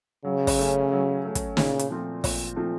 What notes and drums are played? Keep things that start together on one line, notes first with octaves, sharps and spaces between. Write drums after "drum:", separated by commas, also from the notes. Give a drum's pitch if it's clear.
C#3 F#3
drum: kick, open hi-hat
A3 C#4
F#3
A3 C#4
drum: kick, hi-hat
A#2 C#3, drum: snare
drum: hi-hat
F3 A3 C4 F4
A#2, drum: kick, open hi-hat
F3 A3 C4 F4